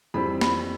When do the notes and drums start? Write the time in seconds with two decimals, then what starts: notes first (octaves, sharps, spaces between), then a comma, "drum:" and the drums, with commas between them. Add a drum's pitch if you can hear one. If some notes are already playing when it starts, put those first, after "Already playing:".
0.14 F2 E3 G3 C4 B5
0.41 B5, drum: snare